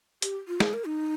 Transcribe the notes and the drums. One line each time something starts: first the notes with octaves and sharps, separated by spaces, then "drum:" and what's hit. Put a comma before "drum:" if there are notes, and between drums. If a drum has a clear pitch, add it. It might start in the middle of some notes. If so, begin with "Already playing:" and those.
G4, drum: hi-hat
F4
G#4, drum: snare
A#4
D#4